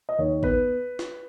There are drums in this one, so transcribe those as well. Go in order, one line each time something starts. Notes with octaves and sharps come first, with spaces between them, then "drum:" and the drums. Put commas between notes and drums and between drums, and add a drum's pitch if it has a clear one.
D#5
D#2 C#5
B3 B4, drum: kick
drum: snare